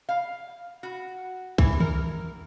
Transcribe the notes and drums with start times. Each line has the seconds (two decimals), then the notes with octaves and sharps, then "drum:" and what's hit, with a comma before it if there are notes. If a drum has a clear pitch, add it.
0.09 F5
0.83 F#4
1.58 E3, drum: kick B1
1.80 A#4, drum: tom